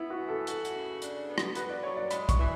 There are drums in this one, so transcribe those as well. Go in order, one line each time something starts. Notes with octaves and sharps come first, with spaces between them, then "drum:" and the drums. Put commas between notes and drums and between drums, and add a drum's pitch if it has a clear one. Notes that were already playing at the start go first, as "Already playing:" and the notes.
Already playing: B3 E4
F#4
E3
A4
F#4, drum: hi-hat
drum: hi-hat
C#3
D4, drum: hi-hat
B3
drum: rim click
F#4 B4, drum: hi-hat
D5
F#3 C#5
D5
G#3 B5, drum: hi-hat
C#6, drum: kick, hi-hat
E3